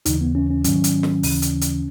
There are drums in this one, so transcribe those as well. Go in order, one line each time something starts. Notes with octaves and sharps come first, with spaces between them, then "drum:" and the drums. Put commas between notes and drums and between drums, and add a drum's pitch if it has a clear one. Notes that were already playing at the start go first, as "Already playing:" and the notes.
D#2 C#3 E3 D#4, drum: hi-hat
B3
C#4
C#4
G#2 D#3 F#3 C#4, drum: hi-hat
drum: hi-hat
drum: snare
D#2 C#3 E3, drum: open hi-hat
drum: hi-hat
drum: hi-hat